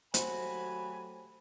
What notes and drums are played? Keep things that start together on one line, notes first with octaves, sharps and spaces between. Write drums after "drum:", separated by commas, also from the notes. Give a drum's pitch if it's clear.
F#3 A3 F#4 G4 C5 G#5 B5, drum: hi-hat